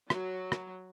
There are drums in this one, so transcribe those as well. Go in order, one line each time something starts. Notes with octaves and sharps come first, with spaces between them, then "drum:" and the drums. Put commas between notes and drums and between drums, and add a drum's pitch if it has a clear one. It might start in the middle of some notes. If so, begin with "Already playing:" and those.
F#3, drum: rim click
drum: rim click